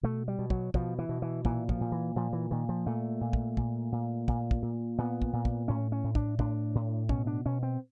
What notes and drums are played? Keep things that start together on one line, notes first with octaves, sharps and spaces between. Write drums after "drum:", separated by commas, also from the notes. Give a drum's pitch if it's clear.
B2 A3
G3
B2
F#3, drum: kick
B2 F3, drum: kick
E3
B2
E3
A#2 E3, drum: kick
F3, drum: kick
A#2
E3
A#2 F3
E3
A#2 D#3
F3
A#2 A3
A#2
drum: kick
A#2, drum: kick
A#2
A#2, drum: kick
drum: kick
A#2
A#2 B3
drum: kick
A#2
drum: kick
A2 C#4
C#4
A2
D4, drum: kick
A2 D4, drum: kick
A2
B2 C#4, drum: kick
D4
B2 C#4
C4